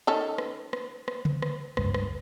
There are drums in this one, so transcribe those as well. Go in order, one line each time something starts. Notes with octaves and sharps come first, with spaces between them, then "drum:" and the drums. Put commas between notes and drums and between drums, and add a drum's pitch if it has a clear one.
D#3 C#4 A4
drum: rim click
drum: rim click
drum: rim click
drum: tom
drum: rim click
F#1 C#2 G2, drum: rim click
drum: rim click